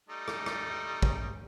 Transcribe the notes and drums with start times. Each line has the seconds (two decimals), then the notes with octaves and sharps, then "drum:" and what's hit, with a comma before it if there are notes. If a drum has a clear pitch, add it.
0.09 G3 A3 D#4
0.28 drum: rim click
0.46 drum: rim click
1.02 drum: kick